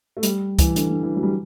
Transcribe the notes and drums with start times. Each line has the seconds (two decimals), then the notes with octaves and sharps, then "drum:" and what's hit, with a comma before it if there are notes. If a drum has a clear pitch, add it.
0.17 A3
0.23 G3, drum: hi-hat
0.59 E3, drum: kick, hi-hat
0.76 D3, drum: hi-hat
0.89 D3
1.03 E3
1.16 F#3
1.23 G3